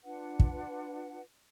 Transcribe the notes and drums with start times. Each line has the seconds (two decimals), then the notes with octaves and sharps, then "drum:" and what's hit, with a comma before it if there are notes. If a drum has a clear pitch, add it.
0.04 D4 F4 B4 F#5
0.40 drum: kick